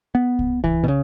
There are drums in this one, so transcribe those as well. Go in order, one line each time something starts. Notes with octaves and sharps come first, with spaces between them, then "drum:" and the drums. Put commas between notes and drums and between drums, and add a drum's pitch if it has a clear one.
B3
drum: kick C2
E3, drum: kick C2
B2
C#3